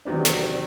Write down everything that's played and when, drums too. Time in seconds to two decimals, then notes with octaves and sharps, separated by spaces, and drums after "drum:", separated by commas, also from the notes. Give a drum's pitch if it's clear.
0.05 E2 C3 D#3 F#3 C4 D4
0.25 drum: snare